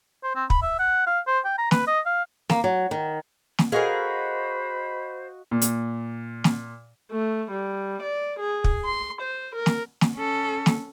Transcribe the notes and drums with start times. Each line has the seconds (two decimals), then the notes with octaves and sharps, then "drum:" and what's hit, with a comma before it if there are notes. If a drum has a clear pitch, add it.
0.23 C5
0.35 C4
0.50 B5, drum: kick
0.63 E5
0.79 F#5
1.07 F5
1.27 C5
1.45 G5
1.58 A#5
1.71 B4, drum: snare
1.87 D#5
2.06 F5
2.50 A#3, drum: snare
2.64 F#3
2.91 D#3
3.59 drum: snare
3.72 F#4 G#4 A#4 C5 D#5 F5 B5
5.51 A#2
5.62 drum: hi-hat
6.44 drum: snare
7.11 A3
7.51 G3
8.03 D5
8.40 G#4
8.64 drum: kick
8.85 C6
9.22 C5
9.56 A#4
9.66 drum: snare
10.01 drum: snare
10.15 C#4 A4
10.66 drum: snare